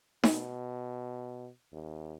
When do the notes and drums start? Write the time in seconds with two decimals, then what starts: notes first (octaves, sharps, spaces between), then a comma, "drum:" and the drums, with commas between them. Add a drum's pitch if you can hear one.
0.23 B2, drum: snare D#4
1.73 D#2